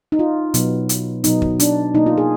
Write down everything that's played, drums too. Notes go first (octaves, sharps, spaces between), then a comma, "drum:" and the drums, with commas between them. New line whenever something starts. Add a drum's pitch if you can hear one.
D#4
F4
B2 F#3 B3, drum: hi-hat
drum: hi-hat
B2 F#3 B3 D#4, drum: hi-hat
drum: kick
D4, drum: hi-hat
B2 A#3 D#4
F4
G#4